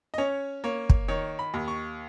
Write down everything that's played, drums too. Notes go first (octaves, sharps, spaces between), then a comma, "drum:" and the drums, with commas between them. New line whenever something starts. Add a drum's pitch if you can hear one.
D#5
C#4 C#5
A#3 C#5
drum: kick
D#3 C#5
B5
D#2
C#6